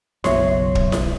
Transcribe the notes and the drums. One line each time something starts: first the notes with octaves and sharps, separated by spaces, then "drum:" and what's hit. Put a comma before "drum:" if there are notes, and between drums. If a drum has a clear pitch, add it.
F#1 B1 F#3 B3 F#4 C#5 E5, drum: snare E4
drum: kick
drum: snare E4